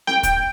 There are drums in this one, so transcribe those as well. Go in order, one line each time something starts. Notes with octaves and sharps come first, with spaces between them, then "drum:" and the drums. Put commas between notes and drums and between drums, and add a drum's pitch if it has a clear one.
G5, drum: snare C4
drum: kick, hi-hat